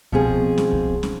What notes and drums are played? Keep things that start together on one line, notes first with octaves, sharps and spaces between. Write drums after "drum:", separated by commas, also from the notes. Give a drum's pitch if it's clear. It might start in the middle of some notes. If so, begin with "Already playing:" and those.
B2 F3 C4 G#4, drum: kick C2
drum: snare
drum: kick C2
drum: snare